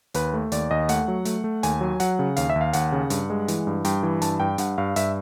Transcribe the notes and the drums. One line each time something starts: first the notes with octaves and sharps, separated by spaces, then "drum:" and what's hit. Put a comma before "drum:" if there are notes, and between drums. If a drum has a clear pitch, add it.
D#2 B4, drum: hi-hat
A3
D#2 D5, drum: hi-hat
D#2 D#5
A3 F#5, drum: hi-hat
F#3
A3, drum: hi-hat
A3
D#2 G#5, drum: hi-hat
F#3
F#3 F#5, drum: hi-hat
C#3
D#2 F5, drum: hi-hat
E5
D#2
F5
D#2 F#5, drum: hi-hat
C#3
G2, drum: hi-hat
G#3
E3, drum: hi-hat
G2
G2 G5, drum: hi-hat
E3
G2 A5, drum: hi-hat
G2 G5
G2 F#5, drum: hi-hat
G2 F5
G2 E5, drum: hi-hat